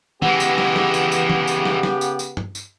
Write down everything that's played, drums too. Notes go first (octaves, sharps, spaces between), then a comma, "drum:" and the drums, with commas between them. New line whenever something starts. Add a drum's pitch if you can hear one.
C#3 E3 G#3 B3 G4 F#5, drum: tom
drum: tambourine
drum: snare
drum: snare
drum: tambourine
drum: tambourine
drum: tom
drum: tambourine
drum: snare
drum: snare
drum: tambourine
drum: tambourine
drum: tom G2
drum: tambourine